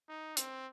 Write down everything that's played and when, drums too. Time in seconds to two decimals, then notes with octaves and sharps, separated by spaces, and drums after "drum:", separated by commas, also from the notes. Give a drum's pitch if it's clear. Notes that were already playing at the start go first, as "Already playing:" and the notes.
0.08 D#4
0.37 C4, drum: hi-hat